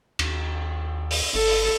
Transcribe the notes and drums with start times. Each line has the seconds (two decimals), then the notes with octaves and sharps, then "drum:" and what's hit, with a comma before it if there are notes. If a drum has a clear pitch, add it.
0.19 D#2, drum: cymbal
1.11 drum: open hi-hat
1.34 G1 A4
1.47 drum: open hi-hat